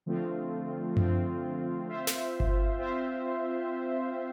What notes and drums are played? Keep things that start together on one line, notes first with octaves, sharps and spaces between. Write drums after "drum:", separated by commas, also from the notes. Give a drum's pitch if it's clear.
D3 F3 A3 C4 F4
D3 F3 A3 C4 F4, drum: tom F#2
C4 F4 C5 E5
drum: snare
drum: kick G1
C4 F4 C5 E5